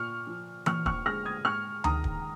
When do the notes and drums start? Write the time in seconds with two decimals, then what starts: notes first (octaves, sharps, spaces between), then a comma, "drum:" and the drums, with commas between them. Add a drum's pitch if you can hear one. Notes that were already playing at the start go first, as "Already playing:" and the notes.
Already playing: A#2 C#6 F6
0.27 F3
0.66 A#2 C#6 F6, drum: tom E3
0.86 C#6 F6, drum: kick
1.06 G#3 F6 A#6
1.25 D#6 G#6
1.45 G#2 C#6 F6
1.84 D#3 A#5 D#6, drum: tom D2
2.04 drum: kick